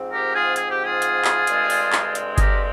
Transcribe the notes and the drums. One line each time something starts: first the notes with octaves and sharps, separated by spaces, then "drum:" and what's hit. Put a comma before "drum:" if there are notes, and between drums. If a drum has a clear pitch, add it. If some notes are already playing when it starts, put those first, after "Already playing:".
Already playing: G#2 F3 C4
G4 A#4
F4 G#4
G#4, drum: hi-hat
G4
F4 G#4
drum: hi-hat
drum: clap
G2 D3 G#3 C4, drum: hi-hat
drum: open hi-hat
drum: clap
drum: hi-hat
G#4
G4 A#4, drum: kick G1, hi-hat